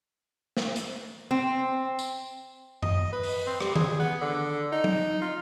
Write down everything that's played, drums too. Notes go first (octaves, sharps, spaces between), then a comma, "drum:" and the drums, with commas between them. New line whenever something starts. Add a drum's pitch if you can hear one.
drum: snare
drum: hi-hat
C4
drum: tambourine
D#5, drum: tom F#2
B4
drum: open hi-hat
C4
G3, drum: rim click
G#4, drum: tom D#3
B3
D3
D#4
drum: tom F#3
F4